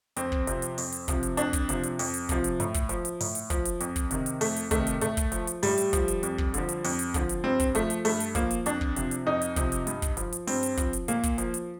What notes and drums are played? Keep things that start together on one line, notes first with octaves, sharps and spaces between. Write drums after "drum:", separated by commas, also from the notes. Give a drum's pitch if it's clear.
F2 C4, drum: hi-hat
drum: kick
C3 F3, drum: hi-hat
drum: hi-hat
F2, drum: open hi-hat
drum: hi-hat
C3 F3, drum: kick, hi-hat
drum: hi-hat
F2 D4, drum: hi-hat
drum: kick, hi-hat
C3 F3, drum: hi-hat
drum: hi-hat
F2, drum: open hi-hat
drum: hi-hat
C3 F3, drum: kick, hi-hat
drum: hi-hat
A2, drum: hi-hat
drum: kick, hi-hat
F3, drum: hi-hat
drum: hi-hat
A2, drum: open hi-hat
drum: hi-hat
F3, drum: kick, hi-hat
drum: hi-hat
F2, drum: hi-hat
drum: kick, hi-hat
C3 D#3, drum: hi-hat
drum: hi-hat
F2 A3, drum: open hi-hat
drum: hi-hat
C3 D#3 A3, drum: kick, hi-hat
drum: hi-hat
A2 A3, drum: hi-hat
drum: kick, hi-hat
F3, drum: hi-hat
drum: hi-hat
A2 G3, drum: open hi-hat
drum: hi-hat
F3, drum: kick, hi-hat
drum: hi-hat
F2, drum: hi-hat
drum: kick
D3 F3, drum: hi-hat
drum: hi-hat
F2, drum: open hi-hat
drum: hi-hat
D3 F3, drum: kick, hi-hat
drum: hi-hat
G2 C4
drum: kick, hi-hat
F3 A3, drum: hi-hat
drum: hi-hat
G2 A3, drum: open hi-hat
drum: hi-hat
F3 A#3, drum: kick, hi-hat
drum: hi-hat
F2 D4, drum: hi-hat
drum: kick
C3 F3, drum: hi-hat
drum: hi-hat
F2 D#4
drum: hi-hat
C3 F3, drum: kick, hi-hat
drum: hi-hat
G2, drum: hi-hat
drum: kick, hi-hat
F3, drum: hi-hat
drum: hi-hat
G2 C4, drum: open hi-hat
drum: hi-hat
F3, drum: kick, hi-hat
drum: hi-hat
A#2 A#3, drum: hi-hat
drum: kick, hi-hat
F3, drum: hi-hat
drum: hi-hat